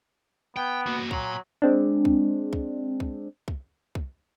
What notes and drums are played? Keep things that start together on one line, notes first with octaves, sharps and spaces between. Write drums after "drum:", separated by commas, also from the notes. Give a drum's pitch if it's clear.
B3 G5
A#3 F#4
F#3 A#5 C6, drum: kick
G#3 C4 D4
drum: kick
drum: kick
drum: kick
drum: kick
drum: kick